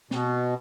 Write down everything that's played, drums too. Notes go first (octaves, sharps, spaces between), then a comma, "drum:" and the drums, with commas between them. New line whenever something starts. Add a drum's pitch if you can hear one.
B2, drum: snare